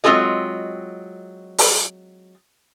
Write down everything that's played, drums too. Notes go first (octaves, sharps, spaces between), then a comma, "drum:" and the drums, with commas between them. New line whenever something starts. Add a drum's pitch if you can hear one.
F#3 G#3 C4 F4 G#4 D#5
drum: open hi-hat